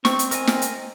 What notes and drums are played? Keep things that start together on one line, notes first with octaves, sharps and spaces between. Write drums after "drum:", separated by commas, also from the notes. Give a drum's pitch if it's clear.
C4 C#6, drum: snare
drum: hi-hat
A#4 D#5 G#5, drum: hi-hat
drum: snare
drum: hi-hat